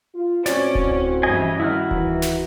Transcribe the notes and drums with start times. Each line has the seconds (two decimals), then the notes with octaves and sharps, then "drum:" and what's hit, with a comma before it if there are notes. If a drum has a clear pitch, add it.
0.15 F4
0.46 A2 C4 C#4 F#4 D5, drum: snare
0.75 drum: kick D1
1.23 G2 C#3 E3 D#5 G#5
1.60 D#3 E4 F#4 F6
1.91 E3, drum: kick D1
2.22 drum: snare